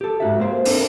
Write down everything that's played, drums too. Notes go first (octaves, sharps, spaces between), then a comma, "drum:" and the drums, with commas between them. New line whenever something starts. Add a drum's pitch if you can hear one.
G4 A4
G#2 F#4 E5
A#3 C5
C4 D4 E4 A4 A#4, drum: open hi-hat